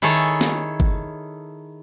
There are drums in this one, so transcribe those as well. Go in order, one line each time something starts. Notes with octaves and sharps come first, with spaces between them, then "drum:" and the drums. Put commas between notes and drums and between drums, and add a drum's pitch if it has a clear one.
D#3 E4 G#4 A4 C#5
drum: snare
drum: kick